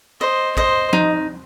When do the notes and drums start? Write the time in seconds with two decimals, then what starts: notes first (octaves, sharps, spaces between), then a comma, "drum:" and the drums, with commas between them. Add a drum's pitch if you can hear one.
0.21 C5 D#5
0.57 C5 D#5, drum: kick A1
0.93 D#4, drum: tom F3